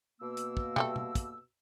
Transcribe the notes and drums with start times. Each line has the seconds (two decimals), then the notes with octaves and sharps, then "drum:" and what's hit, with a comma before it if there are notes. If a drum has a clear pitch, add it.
0.21 B2 A#3 E6
0.37 drum: hi-hat
0.57 drum: kick
0.76 G3 A3 A4, drum: tom
0.96 drum: tom
1.15 drum: kick, hi-hat